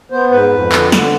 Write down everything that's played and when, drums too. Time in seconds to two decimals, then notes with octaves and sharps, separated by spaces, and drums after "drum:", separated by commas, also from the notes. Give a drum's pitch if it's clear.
0.12 B3 C5
0.31 G#2 B4
0.52 F2
0.72 D3, drum: clap
0.92 D3, drum: snare